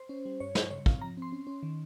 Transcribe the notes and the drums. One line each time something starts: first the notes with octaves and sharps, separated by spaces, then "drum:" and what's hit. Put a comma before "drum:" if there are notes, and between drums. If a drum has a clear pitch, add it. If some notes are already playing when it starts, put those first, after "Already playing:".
Already playing: C5
C#4
G3
G2 C#5
G3 C5, drum: snare
C#3 C#5
C4 F5, drum: kick
F3 A#5
C4 C6
C#4
C#4
D#3